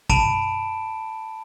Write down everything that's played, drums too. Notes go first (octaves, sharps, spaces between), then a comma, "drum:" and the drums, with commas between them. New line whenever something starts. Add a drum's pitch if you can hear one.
A5 B5 D7 E7, drum: kick